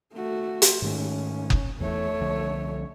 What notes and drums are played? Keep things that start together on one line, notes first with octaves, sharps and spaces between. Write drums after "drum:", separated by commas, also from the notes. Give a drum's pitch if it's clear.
A3 F#4
drum: hi-hat
G#2 D#3 A3 C#4
drum: kick F#1
E2 E3 A3 C#5
C2 D3 F3